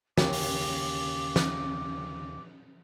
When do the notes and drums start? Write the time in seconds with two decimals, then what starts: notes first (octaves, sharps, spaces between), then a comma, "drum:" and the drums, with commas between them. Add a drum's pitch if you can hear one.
0.18 D#2 C#3 D6, drum: snare
0.33 drum: open hi-hat
1.36 drum: snare